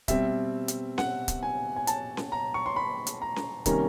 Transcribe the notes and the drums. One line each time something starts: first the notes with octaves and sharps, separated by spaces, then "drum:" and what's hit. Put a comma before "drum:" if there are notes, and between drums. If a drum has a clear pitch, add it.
B2 G3 C4 E5, drum: kick C#1, hi-hat
drum: hi-hat
F#5, drum: snare C#4
drum: kick C#1, hi-hat
G#5
G#5
A5, drum: hi-hat
drum: snare C#4
A#5
C#6
C6
B5
drum: hi-hat
A#5
drum: snare C#4
C3 D#3 G3 A#3 C#4 A#5, drum: kick C#1, hi-hat